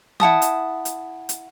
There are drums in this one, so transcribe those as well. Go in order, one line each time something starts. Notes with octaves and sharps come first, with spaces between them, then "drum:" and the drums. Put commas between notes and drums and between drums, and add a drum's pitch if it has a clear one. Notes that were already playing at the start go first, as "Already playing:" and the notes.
E4 F#5 A5 D#6, drum: tom E3
drum: hi-hat
drum: hi-hat
drum: hi-hat